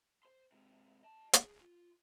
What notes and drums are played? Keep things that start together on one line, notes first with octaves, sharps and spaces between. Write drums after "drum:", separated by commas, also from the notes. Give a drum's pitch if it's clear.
C5 C6
G#2 C3
D#5 A5
G#4, drum: hi-hat
F4